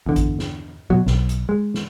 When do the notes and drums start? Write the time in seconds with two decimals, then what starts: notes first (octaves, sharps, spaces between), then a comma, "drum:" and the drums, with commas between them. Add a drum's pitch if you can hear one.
0.06 E2 D3
0.16 drum: kick A1, hi-hat
0.39 drum: snare
0.90 B2 F#3
1.06 B1, drum: snare
1.29 drum: hi-hat
1.49 G#3
1.74 drum: snare